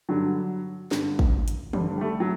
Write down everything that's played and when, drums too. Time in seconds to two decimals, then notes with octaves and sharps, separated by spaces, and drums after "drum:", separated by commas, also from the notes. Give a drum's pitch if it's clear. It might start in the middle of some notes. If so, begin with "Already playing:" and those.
0.09 G2 D3 F#3
0.91 G2 D3, drum: snare
1.19 drum: kick
1.48 drum: hi-hat
1.73 G2 D3, drum: tom
1.96 G3
2.01 A3
2.20 F#3